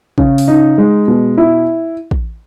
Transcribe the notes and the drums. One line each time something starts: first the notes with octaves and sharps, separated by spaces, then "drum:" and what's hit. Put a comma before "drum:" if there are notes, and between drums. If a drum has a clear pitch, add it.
C#3, drum: kick
drum: open hi-hat
D#4
G#3
B2
E4
drum: kick